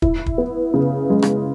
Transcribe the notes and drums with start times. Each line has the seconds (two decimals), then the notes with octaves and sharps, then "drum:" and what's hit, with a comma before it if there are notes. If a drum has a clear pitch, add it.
0.02 E4, drum: kick
0.26 drum: kick
0.38 B3
0.74 C#3
1.10 G#3
1.22 drum: rim click